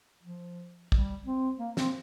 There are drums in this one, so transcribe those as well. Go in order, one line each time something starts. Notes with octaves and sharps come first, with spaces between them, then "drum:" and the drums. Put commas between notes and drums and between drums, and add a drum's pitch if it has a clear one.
F3
G3, drum: kick
C4
A#3
C4, drum: snare